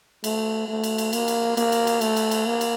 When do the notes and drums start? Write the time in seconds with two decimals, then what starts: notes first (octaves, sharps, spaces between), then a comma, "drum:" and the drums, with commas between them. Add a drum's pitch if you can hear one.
0.24 A3, drum: cymbal
0.69 A3
0.84 drum: cymbal
0.98 drum: cymbal
1.13 A#3, drum: cymbal
1.28 drum: cymbal
1.57 A#3, drum: cymbal
1.72 drum: cymbal
1.87 drum: cymbal
2.01 A3, drum: cymbal
2.17 drum: cymbal
2.31 drum: cymbal
2.46 A#3
2.61 drum: cymbal